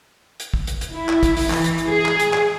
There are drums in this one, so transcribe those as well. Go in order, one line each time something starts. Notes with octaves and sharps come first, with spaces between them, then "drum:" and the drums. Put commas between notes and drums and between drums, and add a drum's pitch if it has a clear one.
drum: hi-hat
drum: kick
drum: hi-hat
drum: hi-hat
E4
drum: clap
drum: kick, hi-hat
drum: open hi-hat
E3, drum: clap
drum: hi-hat
drum: hi-hat
G#4
drum: clap
drum: hi-hat
drum: clap